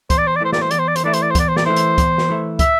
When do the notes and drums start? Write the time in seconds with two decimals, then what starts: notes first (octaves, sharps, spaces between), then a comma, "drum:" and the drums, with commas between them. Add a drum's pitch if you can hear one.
0.10 E2 C5, drum: kick, hi-hat
0.18 D5
0.27 C5
0.36 D5
0.40 E3 A3 E4 C5
0.53 D5, drum: snare
0.61 C5
0.71 E2 D5, drum: hi-hat
0.79 C5
0.87 D5
0.96 C5, drum: hi-hat
1.04 E3 A3 E4 D5
1.14 C5, drum: hi-hat
1.22 D5
1.31 C5
1.35 E2 D5, drum: kick, hi-hat
1.48 C5
1.56 D5, drum: snare
1.66 E3 A3 E4 C5
1.76 drum: hi-hat
1.98 E2, drum: kick, hi-hat
2.18 drum: snare
2.29 E3 A3 E4
2.59 E5, drum: kick, hi-hat